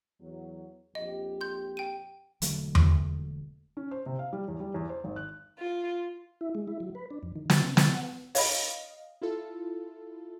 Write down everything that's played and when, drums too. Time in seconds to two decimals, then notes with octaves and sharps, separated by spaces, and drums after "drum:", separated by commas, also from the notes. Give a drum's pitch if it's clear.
0.20 E2 F#3
0.95 A#1 F2 G4 D#5
1.41 C6 G6
1.77 G5 D#7
2.42 E1 D3 F#3 A3, drum: hi-hat
2.75 drum: tom E2
3.77 C#4
3.91 C5
4.06 C3
4.19 F5
4.33 G3
4.48 E2
4.60 G3
4.74 E2
4.89 C5
5.04 G#1
5.16 F#6
5.58 F4
6.41 E4
6.55 G#3
6.68 E4
6.80 F#3
6.95 B4
7.11 D4
7.23 F2
7.36 D#3
7.50 F#4, drum: snare
7.62 C#3
7.77 C3, drum: snare
7.92 F#5
8.35 C#5 D#5 F5 B5, drum: open hi-hat
9.21 E4 F4 A4